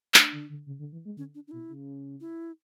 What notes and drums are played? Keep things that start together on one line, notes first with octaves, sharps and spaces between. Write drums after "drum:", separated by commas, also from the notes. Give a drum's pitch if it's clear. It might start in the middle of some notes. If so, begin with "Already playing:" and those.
A3 D4, drum: clap
D3
D3
C#3
D3
E3
G#3
D3 C#4
D4
D4
B2 E4
C#3
E4